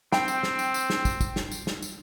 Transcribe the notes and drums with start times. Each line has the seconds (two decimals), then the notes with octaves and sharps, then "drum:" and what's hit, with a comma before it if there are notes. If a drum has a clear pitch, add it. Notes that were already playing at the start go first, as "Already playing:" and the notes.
0.12 C4 G5, drum: snare
0.28 drum: tambourine
0.43 drum: snare
0.59 drum: tambourine
0.74 drum: tambourine
0.90 drum: snare
1.05 drum: kick, tambourine
1.21 drum: kick, tambourine
1.36 drum: snare
1.52 drum: tambourine
1.67 drum: snare
1.82 drum: tambourine